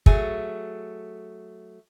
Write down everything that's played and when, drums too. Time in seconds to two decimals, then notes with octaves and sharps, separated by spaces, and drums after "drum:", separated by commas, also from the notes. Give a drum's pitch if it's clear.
0.06 F#3 A3 G#4, drum: kick